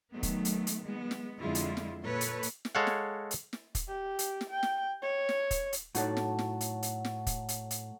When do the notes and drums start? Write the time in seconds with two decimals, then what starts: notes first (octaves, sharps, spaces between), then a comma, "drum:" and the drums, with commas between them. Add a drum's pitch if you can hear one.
0.14 D#3 F#3 A3 B3
0.23 drum: kick, hi-hat
0.45 drum: hi-hat
0.67 drum: hi-hat
0.85 G#3 B3
1.11 drum: snare
1.39 F2 D3 G#3 E4 F4
1.55 drum: hi-hat
1.77 drum: snare
2.05 A#2 A4 B4 C#5
2.21 drum: hi-hat
2.43 drum: hi-hat
2.65 drum: snare
2.75 G#3 A4 C#5 F5 F#5
2.87 drum: snare
3.31 drum: hi-hat
3.53 drum: snare
3.75 drum: kick, hi-hat
3.88 G4
4.19 drum: hi-hat
4.41 drum: snare
4.50 G5
4.63 drum: snare
5.03 C#5
5.29 drum: snare
5.51 drum: kick, hi-hat
5.73 drum: hi-hat
5.95 A2 F#3 D#4 A4 D5, drum: hi-hat
6.17 drum: snare
6.39 drum: snare
6.61 drum: hi-hat
6.83 drum: hi-hat
7.05 drum: snare
7.27 drum: kick, hi-hat
7.49 drum: hi-hat
7.71 drum: hi-hat